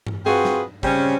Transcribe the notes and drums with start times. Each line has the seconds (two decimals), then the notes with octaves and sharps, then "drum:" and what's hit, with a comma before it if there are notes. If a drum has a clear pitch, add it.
0.07 drum: tom G2
0.26 C4 F4 F#4 G#4 B4
0.45 drum: snare
0.83 C#3 G3 C4 C#4, drum: kick